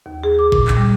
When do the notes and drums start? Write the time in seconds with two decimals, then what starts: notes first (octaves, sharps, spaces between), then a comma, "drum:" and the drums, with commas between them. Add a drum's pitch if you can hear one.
0.06 D#2
0.24 G#4
0.39 D6
0.52 A#2, drum: kick
0.68 drum: clap
0.77 G3